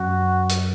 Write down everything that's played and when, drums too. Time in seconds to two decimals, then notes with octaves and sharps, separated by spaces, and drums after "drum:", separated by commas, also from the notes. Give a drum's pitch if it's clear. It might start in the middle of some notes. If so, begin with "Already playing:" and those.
Already playing: F#2 F#4
0.49 drum: hi-hat